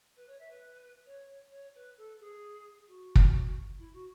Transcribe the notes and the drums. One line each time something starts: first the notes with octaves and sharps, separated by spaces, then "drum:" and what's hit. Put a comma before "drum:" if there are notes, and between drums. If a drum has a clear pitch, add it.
B4
C#5
E5
B4
C#5
C#5
B4
A4
G#4
F#4
drum: kick
E4
F#4